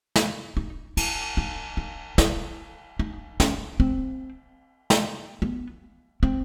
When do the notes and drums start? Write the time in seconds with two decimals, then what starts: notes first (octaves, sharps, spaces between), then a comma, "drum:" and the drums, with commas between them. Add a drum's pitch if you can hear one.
0.16 drum: snare
0.57 D#4
0.97 E4, drum: cymbal
1.37 D#4
1.77 D#4
2.18 E4, drum: snare
2.99 D#4
3.40 C#4, drum: snare
3.80 C4
4.90 drum: snare
5.42 B3
6.23 C4